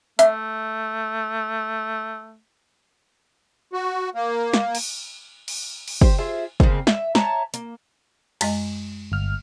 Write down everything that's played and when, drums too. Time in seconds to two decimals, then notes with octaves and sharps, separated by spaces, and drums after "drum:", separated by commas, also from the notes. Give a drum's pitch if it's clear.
0.19 A3 E5, drum: hi-hat
3.73 F#4
4.15 A#3
4.54 drum: snare
4.75 drum: cymbal
5.48 drum: cymbal
5.88 drum: cymbal
6.01 G4 C5, drum: kick
6.18 F4 G#4 C5 E5
6.60 C#3 G#3 A#3 C4, drum: kick
6.87 E5, drum: snare
7.15 C#5 E5 A5 A#5, drum: snare
7.54 A#3, drum: hi-hat
8.41 F#2 G#3 D#5, drum: cymbal
9.12 G1 F6